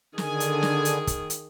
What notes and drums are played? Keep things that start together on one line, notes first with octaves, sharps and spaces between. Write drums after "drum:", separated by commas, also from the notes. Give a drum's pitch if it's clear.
D3 D#3 G#4 G#5, drum: snare
drum: hi-hat
drum: snare
drum: hi-hat
drum: kick, hi-hat
drum: hi-hat